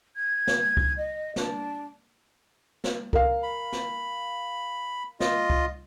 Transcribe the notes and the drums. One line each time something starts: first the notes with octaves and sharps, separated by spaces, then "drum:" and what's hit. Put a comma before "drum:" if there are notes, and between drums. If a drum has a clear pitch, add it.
G#6
drum: snare
drum: kick C#2
D#5
D4, drum: snare
drum: snare
A#4 F5, drum: kick C#2
B5
drum: snare
F4 D#5, drum: snare
drum: kick C#2